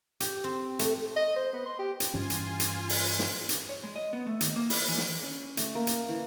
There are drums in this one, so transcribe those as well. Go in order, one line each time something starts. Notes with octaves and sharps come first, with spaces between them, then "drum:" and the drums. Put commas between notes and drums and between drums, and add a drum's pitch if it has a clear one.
G4, drum: hi-hat
C4
A3, drum: hi-hat
D#5
C5
B3
C6
G4
drum: hi-hat
G2 E3 C#4 F4 G#5 C6
drum: hi-hat
drum: hi-hat
drum: open hi-hat
drum: snare
drum: hi-hat
C#5
G#3
D#5
B3
A3
D#3, drum: hi-hat
A#3
E4, drum: open hi-hat
E3
drum: snare
C#4
A3, drum: hi-hat
A#3
drum: hi-hat
E3